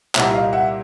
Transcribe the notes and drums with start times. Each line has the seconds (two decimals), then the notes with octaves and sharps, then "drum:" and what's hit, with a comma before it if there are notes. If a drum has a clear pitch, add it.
0.15 C2 A#2 G3 A#3 E5 F#5, drum: clap
0.34 D#5 F5
0.53 E5 F#5